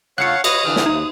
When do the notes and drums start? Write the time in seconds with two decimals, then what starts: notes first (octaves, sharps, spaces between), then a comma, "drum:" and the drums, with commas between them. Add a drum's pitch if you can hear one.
0.18 C#3 A3 F4 C#5 F5 F#5 F#6 C#7
0.44 F4 F#4 B4 C#5 D#5 D#6, drum: cymbal
0.65 D3 E3 G4 E5 F6
0.76 drum: snare
0.86 D#2 D#4